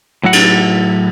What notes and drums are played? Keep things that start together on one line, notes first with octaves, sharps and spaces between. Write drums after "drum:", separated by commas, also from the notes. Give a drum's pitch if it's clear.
A2 F#3 E4 F#4 F#5
drum: cymbal